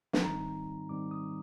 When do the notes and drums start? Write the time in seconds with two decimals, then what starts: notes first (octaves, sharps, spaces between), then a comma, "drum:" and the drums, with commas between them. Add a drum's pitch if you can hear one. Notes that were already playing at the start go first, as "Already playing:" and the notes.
0.13 A5, drum: snare
0.22 G#2 D#3 G3 C4 D#4 A#5
0.89 G#2 D#3 G3 C4 D#4 D6
1.11 D#6